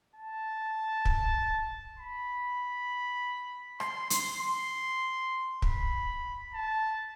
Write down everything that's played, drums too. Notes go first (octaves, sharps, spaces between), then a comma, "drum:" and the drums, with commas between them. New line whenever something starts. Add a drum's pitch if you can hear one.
A5
drum: kick
B5
C6, drum: rim click
C6, drum: hi-hat
C6
B5, drum: kick
A5